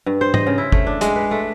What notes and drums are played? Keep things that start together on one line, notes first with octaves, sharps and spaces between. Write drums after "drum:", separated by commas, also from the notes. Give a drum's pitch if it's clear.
G2
C5
D#5, drum: tom G#2
C#3
E4
A3, drum: kick
D4
G#3, drum: hi-hat
B4
A3